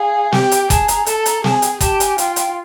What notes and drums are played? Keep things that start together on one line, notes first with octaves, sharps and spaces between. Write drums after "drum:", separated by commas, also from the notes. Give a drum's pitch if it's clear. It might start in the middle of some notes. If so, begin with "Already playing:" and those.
Already playing: G#4 F5
G4 G5, drum: snare
drum: hi-hat
G#4 A5, drum: kick F#1, hi-hat
A#5, drum: hi-hat
A4 A5, drum: hi-hat
A5
A#5, drum: hi-hat
G#4 A5, drum: snare
G#5
G5, drum: hi-hat
G#5
G4 A5, drum: kick F#1, hi-hat
G#5, drum: hi-hat
F4 G5, drum: hi-hat
G5, drum: hi-hat